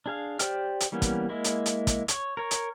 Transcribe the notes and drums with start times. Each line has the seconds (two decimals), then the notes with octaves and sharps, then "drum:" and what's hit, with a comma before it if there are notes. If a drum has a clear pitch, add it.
0.06 D4 G#4 F5
0.39 G4 C5 D5 G5 F6, drum: hi-hat
0.80 drum: hi-hat
0.92 E3 G3 A#3 B3 C#4
1.02 drum: kick, hi-hat
1.29 G#3 A#3 E4
1.44 drum: hi-hat
1.66 drum: hi-hat
1.87 drum: kick, hi-hat
2.08 C#5, drum: hi-hat
2.37 A#4 C#5
2.51 drum: hi-hat